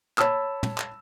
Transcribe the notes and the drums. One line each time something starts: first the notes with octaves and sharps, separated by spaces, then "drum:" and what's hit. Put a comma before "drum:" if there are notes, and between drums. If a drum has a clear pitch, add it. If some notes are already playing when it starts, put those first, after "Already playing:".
C#5 A5 B5 E6, drum: clap
drum: tom
drum: clap